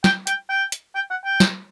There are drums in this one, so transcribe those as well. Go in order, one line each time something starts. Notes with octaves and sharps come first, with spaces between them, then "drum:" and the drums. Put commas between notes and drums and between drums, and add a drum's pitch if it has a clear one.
G5, drum: snare
G5, drum: hi-hat
G5
drum: hi-hat
G5
F#5
G5
drum: snare